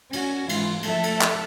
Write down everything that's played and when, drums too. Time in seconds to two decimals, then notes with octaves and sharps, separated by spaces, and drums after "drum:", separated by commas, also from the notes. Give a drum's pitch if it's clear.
0.13 C#4 F#4, drum: cymbal
0.49 G#2 E3 F4, drum: cymbal
0.83 F3 A3 A4 E5, drum: cymbal
1.03 drum: cymbal
1.22 drum: clap